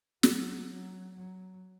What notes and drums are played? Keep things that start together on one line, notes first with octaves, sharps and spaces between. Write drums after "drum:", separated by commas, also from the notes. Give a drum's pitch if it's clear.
F#3, drum: snare
F#3
F#3